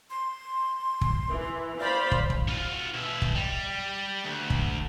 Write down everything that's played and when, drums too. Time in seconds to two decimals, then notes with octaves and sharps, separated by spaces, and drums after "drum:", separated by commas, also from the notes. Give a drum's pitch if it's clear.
0.10 C6
1.01 drum: kick
1.29 E3
1.80 C5 D5 F5 B5
2.12 drum: kick
2.30 drum: kick
2.48 F4 F#4
2.94 B2 E5
3.22 drum: kick
3.35 G3
4.25 D2
4.50 drum: kick